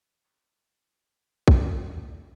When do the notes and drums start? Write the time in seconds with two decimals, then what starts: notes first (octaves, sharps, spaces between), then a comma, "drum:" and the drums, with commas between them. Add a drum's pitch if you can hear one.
0.24 C3 D#3 F#3 G3 A3 C#4
1.48 drum: kick